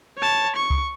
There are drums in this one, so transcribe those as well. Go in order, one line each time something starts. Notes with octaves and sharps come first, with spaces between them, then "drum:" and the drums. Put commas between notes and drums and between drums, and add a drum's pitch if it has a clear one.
C#5 A5
C#6
drum: kick C#2